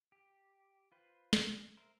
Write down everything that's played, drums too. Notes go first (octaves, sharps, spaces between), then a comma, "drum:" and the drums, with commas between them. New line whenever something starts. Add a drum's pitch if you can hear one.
G4
F4 B4 C5
C#4, drum: snare
A#4 C5 E5